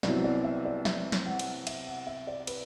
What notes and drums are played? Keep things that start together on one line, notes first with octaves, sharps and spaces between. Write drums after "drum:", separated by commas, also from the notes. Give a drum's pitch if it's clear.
C2 C3 F#3 B3 E4 D5, drum: snare
D5
E5
D5
E5, drum: snare
drum: snare
F#5
drum: cymbal
E5, drum: cymbal
F#5
E5
D5
B4, drum: cymbal